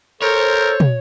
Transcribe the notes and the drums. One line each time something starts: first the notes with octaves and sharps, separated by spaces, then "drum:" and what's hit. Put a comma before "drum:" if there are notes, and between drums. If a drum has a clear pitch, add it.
A4 A#4 C5 C#5
drum: tom